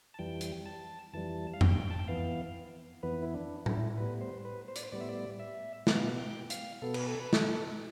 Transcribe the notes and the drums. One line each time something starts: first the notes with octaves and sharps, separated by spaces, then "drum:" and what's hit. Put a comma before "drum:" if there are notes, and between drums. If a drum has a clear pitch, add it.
A5
F2 E3 G3 G5
drum: hi-hat
A5
F2 E3 G3 A5
F5
G5, drum: tom F2
A5
G5
F2 E3 B3 F5
F2 E3 B3 B4
E4
D4
E4, drum: tom A2
A2 G3 B3 B4
C5
B4
C5
D5, drum: hi-hat
C5
A2 G3 B3 D5
E5
D5
E5
B2 B3 F5, drum: snare
G5
F5, drum: hi-hat
B2 B3 A4
B4, drum: cymbal
A4
B4
A4, drum: snare